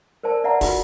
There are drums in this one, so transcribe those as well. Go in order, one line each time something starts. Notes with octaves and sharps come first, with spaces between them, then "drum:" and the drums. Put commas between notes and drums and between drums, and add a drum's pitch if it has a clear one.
A#4 C5 D5 A5
B4 D5 E5 F#5 A5 A#5
F4 F#4 G#4 F#5 C6, drum: kick, open hi-hat